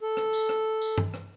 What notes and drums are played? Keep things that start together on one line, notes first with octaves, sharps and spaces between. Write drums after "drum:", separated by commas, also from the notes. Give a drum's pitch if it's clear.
A4
drum: rim click
drum: tambourine
drum: rim click
drum: tambourine
drum: tom G2
drum: rim click